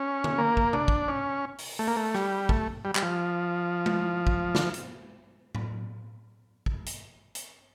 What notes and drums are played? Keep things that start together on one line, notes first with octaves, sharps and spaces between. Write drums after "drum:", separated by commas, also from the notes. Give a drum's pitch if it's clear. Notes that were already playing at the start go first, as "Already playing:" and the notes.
Already playing: C#4
drum: tom D3
A#3
drum: kick
D4, drum: tom C3
drum: kick
C#4
drum: open hi-hat
A3
A#3
A3
G3, drum: rim click
A3, drum: kick
G3
G3, drum: clap
F3
drum: tom G#3
drum: kick
D3, drum: snare
drum: hi-hat
drum: tom A2
drum: kick
drum: hi-hat
drum: hi-hat